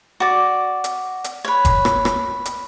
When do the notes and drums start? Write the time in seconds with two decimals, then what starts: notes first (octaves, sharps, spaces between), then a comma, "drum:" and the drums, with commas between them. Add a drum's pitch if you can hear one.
0.20 F#4 D5
0.84 drum: hi-hat
1.24 drum: hi-hat
1.45 B4 C#5
1.65 drum: kick F1, hi-hat
1.85 drum: rim click
2.05 drum: rim click
2.45 drum: hi-hat